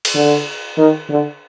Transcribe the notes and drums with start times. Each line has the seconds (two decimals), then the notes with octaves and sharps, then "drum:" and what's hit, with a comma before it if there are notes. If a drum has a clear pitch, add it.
0.05 drum: cymbal
0.15 D3
0.78 D#3
1.10 D3